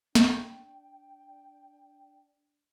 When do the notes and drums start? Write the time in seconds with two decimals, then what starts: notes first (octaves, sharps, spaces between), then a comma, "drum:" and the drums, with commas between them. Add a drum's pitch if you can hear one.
0.15 D4 G5, drum: snare